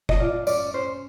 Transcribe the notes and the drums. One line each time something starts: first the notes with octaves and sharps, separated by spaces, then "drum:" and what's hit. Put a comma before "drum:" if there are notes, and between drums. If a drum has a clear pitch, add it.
D#5, drum: kick
F4 D5
C#4 D5, drum: tambourine
C#4 C5